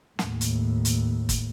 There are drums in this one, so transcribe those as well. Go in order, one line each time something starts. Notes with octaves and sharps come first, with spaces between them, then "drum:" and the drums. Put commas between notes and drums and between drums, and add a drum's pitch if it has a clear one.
D#2 A2, drum: snare
drum: hi-hat
drum: hi-hat
drum: kick, hi-hat